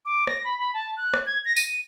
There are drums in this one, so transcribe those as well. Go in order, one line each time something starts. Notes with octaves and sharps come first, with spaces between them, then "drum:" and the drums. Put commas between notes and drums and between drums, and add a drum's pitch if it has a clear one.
D6
A#6, drum: rim click
B5
B5
A5
F#6
drum: rim click
G#6
A#6
D#7, drum: tambourine